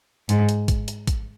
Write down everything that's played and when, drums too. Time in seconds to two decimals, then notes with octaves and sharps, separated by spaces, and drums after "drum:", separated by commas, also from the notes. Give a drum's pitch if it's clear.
0.29 G#2, drum: hi-hat
0.49 drum: hi-hat
0.68 drum: kick, hi-hat
0.88 drum: hi-hat
1.07 drum: kick, hi-hat